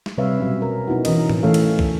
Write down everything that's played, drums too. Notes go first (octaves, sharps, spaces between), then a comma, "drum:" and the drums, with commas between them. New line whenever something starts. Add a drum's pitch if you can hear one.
drum: snare
C3 G3 B4 C#5 E5 F5
B2 F#3 C#4
A#4
B3 D#4 E4 F#4
E3 C#4 A#4 D#5, drum: cymbal
drum: tom A2
E3 A3 C#4 A4 C#5 F5
drum: cymbal
drum: kick